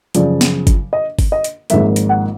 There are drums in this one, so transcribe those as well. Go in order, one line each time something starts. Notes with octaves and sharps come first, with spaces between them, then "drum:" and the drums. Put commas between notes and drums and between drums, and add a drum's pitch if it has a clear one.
F#2 C#3 F3 D5, drum: hi-hat
drum: snare
drum: kick G1, hi-hat
D#5
drum: kick G1, open hi-hat
D#5
drum: hi-hat
G#1 G#2 F3 A#3 E5, drum: hi-hat
drum: hi-hat
F#5